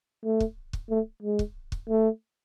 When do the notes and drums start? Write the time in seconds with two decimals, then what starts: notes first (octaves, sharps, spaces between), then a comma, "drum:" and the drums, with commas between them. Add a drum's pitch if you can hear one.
0.24 A3
0.40 drum: kick
0.73 drum: kick
0.90 A3
1.22 G#3
1.39 drum: kick
1.72 drum: kick
1.89 A3